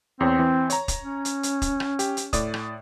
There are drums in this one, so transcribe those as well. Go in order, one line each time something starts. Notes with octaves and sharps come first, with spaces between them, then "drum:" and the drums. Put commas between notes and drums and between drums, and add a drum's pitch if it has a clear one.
E2 C4 C#5
E3
C#5 A#5, drum: hi-hat
drum: kick, hi-hat
C#4
drum: hi-hat
drum: hi-hat
drum: kick, hi-hat
drum: rim click
G4, drum: hi-hat
drum: hi-hat
A2 D5 D#6, drum: kick, hi-hat
drum: rim click